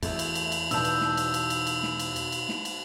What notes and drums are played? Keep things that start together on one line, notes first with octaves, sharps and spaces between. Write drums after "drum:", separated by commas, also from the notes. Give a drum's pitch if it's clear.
E2 A3 E5, drum: cymbal
drum: cymbal
drum: cymbal
drum: cymbal
B2 D#4 B4 D5 A5 E6 G6, drum: cymbal
drum: cymbal
drum: snare
drum: cymbal
drum: cymbal
drum: cymbal
drum: cymbal
drum: snare
drum: cymbal
drum: cymbal
drum: cymbal
drum: snare
drum: cymbal